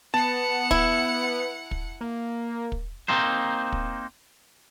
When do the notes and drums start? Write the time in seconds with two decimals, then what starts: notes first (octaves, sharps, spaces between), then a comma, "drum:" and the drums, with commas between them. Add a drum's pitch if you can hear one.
0.14 B3 F#5 A5 C#7
0.71 E4, drum: kick
1.71 drum: kick
2.01 A#3
2.72 drum: kick
3.08 A#3 C4 D#4 C5
3.72 drum: kick